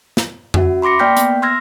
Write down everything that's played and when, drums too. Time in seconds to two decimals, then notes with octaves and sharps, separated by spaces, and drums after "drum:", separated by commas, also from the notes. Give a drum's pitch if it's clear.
0.17 drum: snare
0.54 C#4 F#4 E5, drum: tom F2
0.82 B5 C6 D6 A#6 C#7
0.99 A#3 D5 G5 F6 G6 B6
1.17 B3, drum: hi-hat
1.42 C6 E6 F6 G#6 A#6